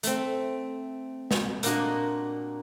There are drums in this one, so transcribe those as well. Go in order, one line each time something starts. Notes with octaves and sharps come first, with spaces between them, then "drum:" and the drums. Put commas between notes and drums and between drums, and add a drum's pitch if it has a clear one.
A3 C4, drum: hi-hat
drum: snare
A#2 A#3 D4 F4 F#4 D#5, drum: hi-hat